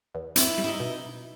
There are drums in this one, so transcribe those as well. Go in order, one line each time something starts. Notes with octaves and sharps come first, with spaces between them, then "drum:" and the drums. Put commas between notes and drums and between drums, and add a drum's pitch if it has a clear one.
E2
C4 E4, drum: hi-hat
G3
E4
D#4
B2